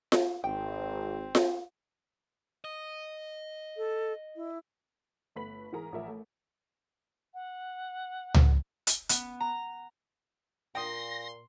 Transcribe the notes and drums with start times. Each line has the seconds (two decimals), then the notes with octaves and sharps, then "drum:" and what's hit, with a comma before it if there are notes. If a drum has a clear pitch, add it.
0.12 drum: snare F4
0.44 G#1 C4 G5
1.35 drum: snare F4
2.64 D#5
3.77 A4
4.36 E4
5.36 G1 A3 B4 B5 B6 F#7
5.72 G#2 E3 G#4 A#4 A#5
5.92 A1 F3 A#4 E5
6.08 A3
7.34 F#5
8.34 drum: tom C#2
8.87 drum: hi-hat
9.09 B3, drum: hi-hat
9.40 A#5
10.75 A#2 G5 C6 D#6 A#6